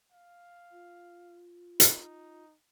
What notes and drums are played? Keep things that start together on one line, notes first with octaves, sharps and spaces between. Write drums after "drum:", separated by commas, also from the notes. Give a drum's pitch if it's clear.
F5
F4
D#4, drum: hi-hat